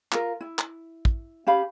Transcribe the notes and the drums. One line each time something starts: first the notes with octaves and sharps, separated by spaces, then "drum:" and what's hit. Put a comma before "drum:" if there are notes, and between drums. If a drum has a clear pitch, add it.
F4 A#4, drum: clap
E4
drum: clap
drum: kick
C#4 G4 F5 B5